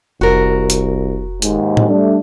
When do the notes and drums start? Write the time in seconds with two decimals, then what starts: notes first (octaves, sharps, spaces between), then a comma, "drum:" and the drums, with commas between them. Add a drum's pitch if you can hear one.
0.21 F1 C2 F#4 A#4
0.70 drum: hi-hat
1.42 D#2 G#2, drum: hi-hat
1.77 drum: tom A2
1.88 G3 A3 D4